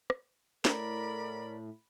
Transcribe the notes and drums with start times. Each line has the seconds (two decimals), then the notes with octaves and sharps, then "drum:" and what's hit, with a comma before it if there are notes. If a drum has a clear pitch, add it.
0.10 drum: rim click
0.65 A2 A#4 D5 B5, drum: snare